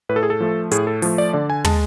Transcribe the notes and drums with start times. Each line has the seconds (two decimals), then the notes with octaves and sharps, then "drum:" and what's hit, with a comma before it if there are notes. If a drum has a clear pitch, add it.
0.09 A2 B4
0.16 A4
0.23 G#4
0.30 A4
0.40 F3 A3
0.71 A2 G#4, drum: hi-hat
0.87 A4
1.02 F3 A3, drum: open hi-hat
1.18 D5
1.33 D3 D5
1.50 G#5
1.64 G#3 A5, drum: tom